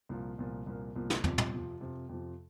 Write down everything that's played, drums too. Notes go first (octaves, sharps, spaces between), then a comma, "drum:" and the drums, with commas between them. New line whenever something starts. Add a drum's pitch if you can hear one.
C2 A#2 F3 A#3
C2 A#2 F3 A#3
C2 A#2 F3 A#3
C2 A#2 F3 A#3
drum: snare
F2 C3 F3, drum: tom
drum: tom
F2 C3 F3
F2 C3 F3
F2 C3 F3